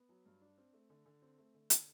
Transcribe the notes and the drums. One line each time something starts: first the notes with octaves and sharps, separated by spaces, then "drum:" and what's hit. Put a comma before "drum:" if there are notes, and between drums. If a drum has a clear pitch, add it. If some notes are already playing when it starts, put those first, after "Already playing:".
Already playing: B3
F#3
G2
D4
C4
A3
D3
D3
C4
A3
D3
D3, drum: hi-hat